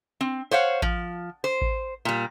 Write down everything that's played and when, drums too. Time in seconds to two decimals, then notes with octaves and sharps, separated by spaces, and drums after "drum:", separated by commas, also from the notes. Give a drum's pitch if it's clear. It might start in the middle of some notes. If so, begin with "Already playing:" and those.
0.21 C4
0.51 C5 C#5 F5 F#5
0.82 F3, drum: kick A1
1.44 C5
1.61 drum: kick A1
2.05 A#2 G3